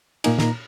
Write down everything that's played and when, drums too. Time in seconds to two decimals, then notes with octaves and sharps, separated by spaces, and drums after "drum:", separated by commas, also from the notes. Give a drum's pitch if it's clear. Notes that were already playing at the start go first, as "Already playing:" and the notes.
0.24 A#2 A#3 D#4 G#5, drum: cymbal
0.39 A#5, drum: snare